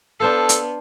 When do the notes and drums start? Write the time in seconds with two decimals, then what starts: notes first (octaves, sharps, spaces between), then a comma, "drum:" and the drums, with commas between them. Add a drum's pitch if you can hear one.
0.20 B3 D4 A4 C5 F5
0.49 drum: hi-hat